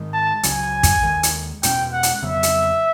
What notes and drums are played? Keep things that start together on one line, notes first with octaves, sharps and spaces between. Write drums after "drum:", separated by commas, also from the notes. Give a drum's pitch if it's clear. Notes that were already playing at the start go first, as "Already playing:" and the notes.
Already playing: G#2 D#3 G#3
A5
C#2 C#3 F#3 G#5, drum: hi-hat
drum: kick, hi-hat
D#2 D#3 G#3
drum: hi-hat
E2 B2 G#3 C#4 G5, drum: hi-hat
F#5
drum: hi-hat
F2 C#3 F#3 B3 E5
drum: hi-hat